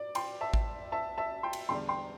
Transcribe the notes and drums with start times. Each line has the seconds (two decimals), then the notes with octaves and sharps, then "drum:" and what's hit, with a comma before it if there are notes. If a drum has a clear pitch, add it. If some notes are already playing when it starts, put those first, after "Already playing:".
Already playing: D5
0.15 G5 C6, drum: cymbal
0.41 E5 A5
0.54 drum: kick G#1
0.92 E5 A5
1.18 E5 A5
1.43 G5 C6
1.53 drum: cymbal
1.69 E2 D3 G3 G5 C6
1.88 G5 C6